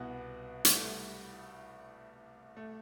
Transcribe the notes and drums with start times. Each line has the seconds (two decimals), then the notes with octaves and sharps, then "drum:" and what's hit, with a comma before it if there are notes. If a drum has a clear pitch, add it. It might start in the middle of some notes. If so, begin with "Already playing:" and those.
Already playing: C2 B2 B3
0.65 G3, drum: hi-hat
0.75 A3
2.57 A3